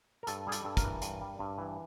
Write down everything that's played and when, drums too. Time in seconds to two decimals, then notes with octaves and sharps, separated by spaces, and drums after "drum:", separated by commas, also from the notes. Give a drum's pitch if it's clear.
0.23 A#4
0.27 G2 A4, drum: hi-hat
0.47 G3 G#4
0.52 A4, drum: hi-hat
0.64 G2 A4
0.77 A#4, drum: kick, hi-hat
0.84 E3
1.02 G2, drum: hi-hat
1.21 G3
1.39 G2
1.58 E3